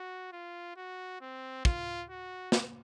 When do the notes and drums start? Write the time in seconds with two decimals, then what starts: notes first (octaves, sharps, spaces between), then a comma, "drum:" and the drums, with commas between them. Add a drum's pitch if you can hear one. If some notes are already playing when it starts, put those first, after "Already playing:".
Already playing: F#4
0.32 F4
0.76 F#4
1.21 C4
1.65 F4, drum: kick
2.10 F#4
2.52 drum: snare